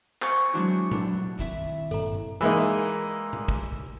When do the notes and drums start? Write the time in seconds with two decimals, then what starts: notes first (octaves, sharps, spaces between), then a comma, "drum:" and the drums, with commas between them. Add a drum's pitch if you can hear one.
0.22 A#4 C5 G#5 C6 C#6, drum: clap
0.53 F#3 G#3 C4 D4 E4 F#4
0.91 B3 D4, drum: tom A#2
1.39 C3 D#3 G3 E4 E5
1.91 G#1 G2 A#2 A4 A#5, drum: hi-hat
2.41 E3 G#3 A#3 D#4
3.33 drum: tom A#2
3.48 drum: kick